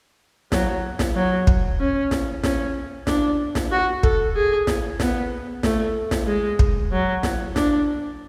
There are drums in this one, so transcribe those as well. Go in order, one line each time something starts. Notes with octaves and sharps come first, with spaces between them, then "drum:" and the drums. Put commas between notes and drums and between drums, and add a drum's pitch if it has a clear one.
F#3, drum: snare
drum: snare
F#3
drum: kick
C#4
drum: snare
C#4, drum: snare
D4, drum: snare
drum: snare
F#4
A4, drum: kick
G#4
drum: snare
B3, drum: snare
A3, drum: snare
drum: snare
G#3
drum: kick
F#3
drum: snare
D4, drum: snare